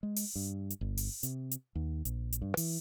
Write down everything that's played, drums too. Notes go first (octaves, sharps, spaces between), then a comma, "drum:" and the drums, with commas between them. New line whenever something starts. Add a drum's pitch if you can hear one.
G#3
drum: open hi-hat
G2
drum: hi-hat
G1
drum: open hi-hat
C3, drum: hi-hat
drum: hi-hat
D#2
A#1, drum: hi-hat
drum: hi-hat
G2
E3, drum: open hi-hat